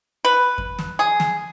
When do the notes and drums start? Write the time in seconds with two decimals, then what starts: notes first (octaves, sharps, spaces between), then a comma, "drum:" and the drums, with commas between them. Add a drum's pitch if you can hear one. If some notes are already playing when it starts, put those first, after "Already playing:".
0.25 B4
0.58 drum: kick F2
0.79 drum: snare
0.99 G#4
1.20 drum: snare